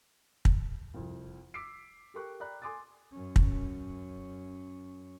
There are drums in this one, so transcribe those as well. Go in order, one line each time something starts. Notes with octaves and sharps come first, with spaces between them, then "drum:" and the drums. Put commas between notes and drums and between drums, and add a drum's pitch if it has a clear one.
drum: kick
C2 F2
D6 E6 B6 C7 D7
G4 A4 A#4 G5 C#6 F#6
D5 G5 A#5 B5 F#6
A4 G#5 C6 D6 D#6 A6
F#2 C#4
drum: kick